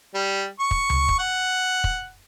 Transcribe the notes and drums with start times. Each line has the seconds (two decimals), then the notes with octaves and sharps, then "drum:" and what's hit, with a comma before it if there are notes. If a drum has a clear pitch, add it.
0.14 G3
0.59 C#6
0.71 drum: kick
0.90 drum: tom C#2
1.09 drum: kick
1.19 F#5
1.84 drum: kick